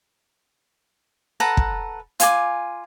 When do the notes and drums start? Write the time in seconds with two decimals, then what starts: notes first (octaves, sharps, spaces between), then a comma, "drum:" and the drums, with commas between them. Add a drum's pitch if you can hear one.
1.40 A4 B4 F#5 A#5
1.57 drum: kick
2.20 F4 G#5 D6, drum: hi-hat